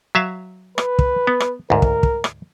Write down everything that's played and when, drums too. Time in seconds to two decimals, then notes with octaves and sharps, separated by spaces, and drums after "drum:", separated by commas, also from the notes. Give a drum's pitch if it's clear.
0.15 F#3 E5 F5
0.78 B4, drum: rim click
0.99 drum: kick
1.27 B3
1.40 drum: rim click
1.70 D2 G#2 A#4
1.82 drum: kick
2.03 drum: kick
2.24 drum: rim click